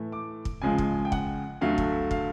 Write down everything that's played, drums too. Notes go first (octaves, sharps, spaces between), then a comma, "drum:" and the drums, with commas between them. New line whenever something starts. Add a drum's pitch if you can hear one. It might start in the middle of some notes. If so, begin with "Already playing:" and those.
Already playing: A2 E3 A3
D6
drum: kick
C#2 C#3 F3 G#3 G#5
drum: kick
G5
F#5, drum: kick
D2 D3 F#3 A3 F5
drum: kick
F5, drum: kick